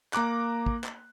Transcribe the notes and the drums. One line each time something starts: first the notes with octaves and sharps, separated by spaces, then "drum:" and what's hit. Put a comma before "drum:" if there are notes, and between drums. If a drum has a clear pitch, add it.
A#3 A#5 D6 F#6, drum: clap
drum: kick
drum: clap